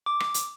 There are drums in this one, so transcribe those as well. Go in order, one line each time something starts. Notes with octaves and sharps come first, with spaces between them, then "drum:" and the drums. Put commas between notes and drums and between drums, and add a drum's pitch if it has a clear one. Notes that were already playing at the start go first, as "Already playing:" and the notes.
D6
drum: rim click
drum: hi-hat